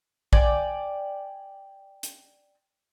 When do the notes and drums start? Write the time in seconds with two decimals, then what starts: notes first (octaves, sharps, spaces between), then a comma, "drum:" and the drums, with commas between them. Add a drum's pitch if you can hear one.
0.33 D5 G5 G#5, drum: kick A#1
2.03 drum: hi-hat